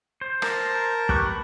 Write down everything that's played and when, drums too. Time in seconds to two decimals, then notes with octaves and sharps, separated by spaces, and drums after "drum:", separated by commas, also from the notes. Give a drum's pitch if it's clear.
0.21 C5
0.42 A#4 A5 A#5, drum: rim click
1.09 G4 B4 C#6, drum: kick
1.26 B5